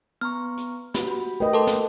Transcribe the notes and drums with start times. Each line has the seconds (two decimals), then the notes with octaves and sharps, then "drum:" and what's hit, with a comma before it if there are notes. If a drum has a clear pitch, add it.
0.21 B3 A#5 C#6 F6
0.57 drum: hi-hat
0.94 G4 B5, drum: snare
1.08 F#4 B5
1.40 A3 A#4 B4 D#5 G5
1.53 A4 A#4 A5 C6
1.67 drum: snare